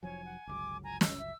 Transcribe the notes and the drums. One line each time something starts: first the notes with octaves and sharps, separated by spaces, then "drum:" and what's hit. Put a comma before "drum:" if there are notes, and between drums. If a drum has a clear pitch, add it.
F1 F3 F#3 C#5 G#5
F#5
G1 C#2 F#3 D6
G#5 A#5
D#5 E6, drum: snare
E5